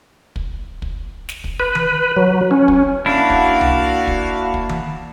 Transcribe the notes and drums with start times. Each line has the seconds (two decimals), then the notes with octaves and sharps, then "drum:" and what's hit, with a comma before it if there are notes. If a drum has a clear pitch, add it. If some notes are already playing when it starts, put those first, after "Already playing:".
0.36 drum: kick
0.82 drum: kick
1.29 drum: snare
1.44 drum: kick
1.60 B4
1.75 drum: tom D#3
2.16 F#3
2.51 C#4
2.68 drum: kick
3.06 A#3 D4 E4 F#4 F5
3.30 drum: kick
3.61 drum: tom C2
4.07 drum: kick
4.54 drum: kick
4.69 drum: tom D#3